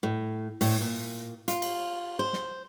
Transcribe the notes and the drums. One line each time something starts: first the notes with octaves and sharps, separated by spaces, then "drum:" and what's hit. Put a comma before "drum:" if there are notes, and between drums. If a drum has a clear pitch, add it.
A2
A2, drum: open hi-hat
A#2
F4, drum: hi-hat
drum: cymbal
C5
drum: snare